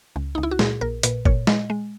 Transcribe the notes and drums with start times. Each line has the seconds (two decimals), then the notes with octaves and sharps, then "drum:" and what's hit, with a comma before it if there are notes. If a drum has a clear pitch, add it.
0.16 C#2
0.35 C#2 D#4
0.43 E4
0.51 F#4
0.59 A#2 G#4, drum: snare
0.81 A#1 A#4
1.03 A#2 B4, drum: hi-hat
1.25 A#2 C#5, drum: kick G1
1.47 G#3 D#5, drum: snare
1.70 G#3